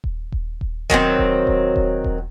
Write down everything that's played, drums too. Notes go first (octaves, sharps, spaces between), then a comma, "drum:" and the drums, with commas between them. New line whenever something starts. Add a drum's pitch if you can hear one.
drum: kick D#1
drum: kick D#1
drum: kick D#1
D#3 F#3 A3 C4, drum: kick D#1
drum: kick D#1
drum: kick D#1
drum: kick D#1
drum: kick D#1